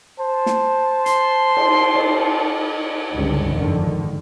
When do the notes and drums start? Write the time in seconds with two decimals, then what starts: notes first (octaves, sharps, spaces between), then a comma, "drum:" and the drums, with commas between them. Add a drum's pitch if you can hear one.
0.19 C5 A5
0.46 drum: snare
1.06 C6, drum: hi-hat
1.57 drum: cymbal
1.95 drum: cymbal
3.14 G1 C#2 F#2 D3 G3
3.52 F#1 F2 G#2 D3 D#3